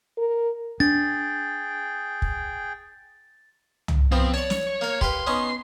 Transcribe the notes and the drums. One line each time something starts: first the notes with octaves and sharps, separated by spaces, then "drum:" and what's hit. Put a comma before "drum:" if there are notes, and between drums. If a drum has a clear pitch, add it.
A#4
D4 G#4 G5 A6
drum: kick
drum: tom
F3 B3 C4
C#5 D5 A5
drum: snare
A#3 F5
G4 B4 F5 C6, drum: kick
B3 C#4 D#4